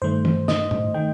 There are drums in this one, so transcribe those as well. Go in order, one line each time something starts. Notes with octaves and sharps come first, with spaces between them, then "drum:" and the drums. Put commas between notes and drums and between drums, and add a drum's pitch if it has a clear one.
G2 D#3 A3 C5
drum: tom
D#5, drum: snare
drum: tom
D#3 A3 G5